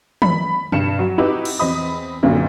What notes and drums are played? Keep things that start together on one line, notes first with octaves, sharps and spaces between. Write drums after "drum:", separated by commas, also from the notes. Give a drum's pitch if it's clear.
B5, drum: tom
G2 C#7 E7, drum: tom B2
F#3
D#4 E4 F#4 G4 B4
drum: cymbal
E2 C4 D#5 B5 D#6
F#1 B1 A#2 D3